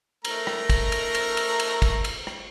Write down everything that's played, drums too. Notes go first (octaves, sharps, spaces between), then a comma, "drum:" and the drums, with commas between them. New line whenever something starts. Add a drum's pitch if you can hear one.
A3 A#4 A#5, drum: cymbal
drum: rim click
drum: kick, cymbal
drum: cymbal
drum: cymbal
drum: cymbal
drum: cymbal
drum: kick, cymbal
drum: cymbal
drum: rim click